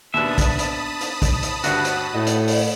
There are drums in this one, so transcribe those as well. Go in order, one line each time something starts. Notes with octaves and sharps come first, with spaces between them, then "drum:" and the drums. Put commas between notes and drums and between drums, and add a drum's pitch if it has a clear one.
D#2 B2 D4 E5 A5 B5 D#6
drum: kick, hi-hat
drum: hi-hat
drum: hi-hat
drum: kick, hi-hat
drum: hi-hat
D2 G2 F#4, drum: hi-hat
drum: hi-hat
A2 D#5
drum: hi-hat
drum: open hi-hat